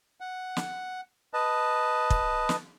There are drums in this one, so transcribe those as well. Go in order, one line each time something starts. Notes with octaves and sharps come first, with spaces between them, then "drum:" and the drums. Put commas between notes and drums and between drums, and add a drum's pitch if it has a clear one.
F#5
drum: snare
B4 D#5 A5
drum: kick
drum: snare